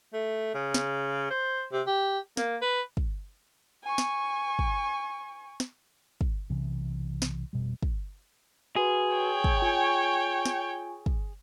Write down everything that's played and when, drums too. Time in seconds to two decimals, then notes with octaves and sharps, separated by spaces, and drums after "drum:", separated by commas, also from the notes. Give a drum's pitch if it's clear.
0.13 A3
0.54 C#3
0.74 drum: snare
1.30 C5
1.72 C3
1.87 G4
2.37 A#3, drum: snare
2.62 B4
2.97 drum: kick
3.84 G#5 C#6
3.98 drum: snare
4.59 drum: kick
5.60 drum: snare
6.21 drum: kick
6.50 B1 C3 E3
7.22 drum: snare
7.53 F1 B2 G3
7.83 drum: kick
8.76 F#4 G#4 B4
9.13 C#5 G5
9.44 drum: kick
9.59 F4 G#5 C#6
10.45 drum: snare
11.06 drum: kick